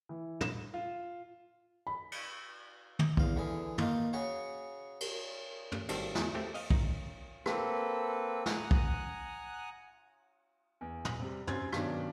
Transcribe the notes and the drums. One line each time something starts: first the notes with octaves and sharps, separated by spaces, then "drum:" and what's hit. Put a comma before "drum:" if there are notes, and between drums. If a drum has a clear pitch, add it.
E3
E7, drum: tom
F4
B5
drum: cymbal
drum: tom
E2 F5, drum: kick
D3 E3 G#4
A#3 D#4 F4, drum: tom
C#3 F#4 G#4 C#5
drum: cymbal
drum: tom
G#1 D#3 G3 C4 A4 A5, drum: cymbal
E2 B2, drum: snare
A3 C4 G4
D#5 F5, drum: open hi-hat
D#4, drum: kick
A#3 C4 A4 B4, drum: rim click
F#5 G#5 A#5 D#6 F#6, drum: snare
drum: kick
E2
drum: tom
C3 G3
F#2 C3 C5 G#6 A6, drum: tom
G2 B2 D#3 F#3 C#4 D4, drum: rim click